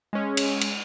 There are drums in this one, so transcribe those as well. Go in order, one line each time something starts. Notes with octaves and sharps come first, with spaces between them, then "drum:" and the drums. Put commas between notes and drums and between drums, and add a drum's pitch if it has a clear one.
G#3 C#4
drum: cymbal
drum: cymbal